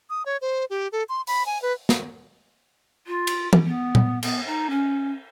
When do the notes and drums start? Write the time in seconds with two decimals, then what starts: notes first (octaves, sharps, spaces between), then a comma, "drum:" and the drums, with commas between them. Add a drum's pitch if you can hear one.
0.10 D#6
0.26 C#5
0.41 C5
0.70 G4
0.92 A4
1.09 C6
1.27 B5, drum: open hi-hat
1.46 G#5
1.62 B4
1.89 drum: snare
3.07 F4
3.27 drum: cymbal
3.53 drum: tom
3.66 B3
3.95 drum: tom A#2
4.23 B3, drum: cymbal
4.47 D#4
4.70 C#4